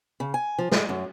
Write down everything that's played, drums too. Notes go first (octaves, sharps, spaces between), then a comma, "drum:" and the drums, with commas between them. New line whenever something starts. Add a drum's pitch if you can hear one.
C#3
G#5
F3
G#3, drum: snare
F#2